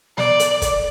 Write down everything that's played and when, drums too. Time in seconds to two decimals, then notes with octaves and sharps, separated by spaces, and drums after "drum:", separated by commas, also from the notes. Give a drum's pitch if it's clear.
0.18 D5, drum: snare
0.40 drum: hi-hat
0.62 drum: kick, hi-hat